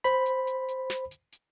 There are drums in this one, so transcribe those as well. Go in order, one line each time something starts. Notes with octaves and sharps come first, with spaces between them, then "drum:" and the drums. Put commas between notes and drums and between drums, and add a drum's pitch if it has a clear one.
C5 B5, drum: hi-hat
drum: hi-hat
drum: hi-hat
drum: hi-hat
drum: snare
drum: hi-hat
drum: hi-hat